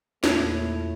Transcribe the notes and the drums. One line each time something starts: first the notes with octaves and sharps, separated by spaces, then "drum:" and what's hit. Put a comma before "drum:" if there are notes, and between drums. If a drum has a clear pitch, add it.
E2 A#2 A3 E4 C#5, drum: snare